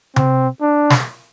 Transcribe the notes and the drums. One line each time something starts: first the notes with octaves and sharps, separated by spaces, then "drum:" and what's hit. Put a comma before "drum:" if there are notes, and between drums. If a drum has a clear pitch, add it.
C4, drum: tom C3
D4
drum: snare